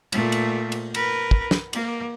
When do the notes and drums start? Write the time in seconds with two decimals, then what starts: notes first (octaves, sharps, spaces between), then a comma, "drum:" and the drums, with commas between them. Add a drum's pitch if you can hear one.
0.12 A#2 A3, drum: cymbal
0.32 drum: cymbal
0.72 drum: cymbal
0.94 A#4 B4, drum: cymbal
1.31 drum: kick
1.51 drum: snare
1.73 A#3, drum: cymbal